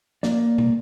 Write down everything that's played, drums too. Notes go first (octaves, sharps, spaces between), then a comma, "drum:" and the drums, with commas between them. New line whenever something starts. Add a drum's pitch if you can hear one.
A#3 D5, drum: snare
drum: tom